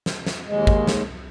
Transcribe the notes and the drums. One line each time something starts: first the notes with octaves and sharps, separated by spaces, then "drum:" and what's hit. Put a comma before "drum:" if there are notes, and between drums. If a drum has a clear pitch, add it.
drum: snare
drum: snare
D#2 G#3
drum: kick G#1
drum: snare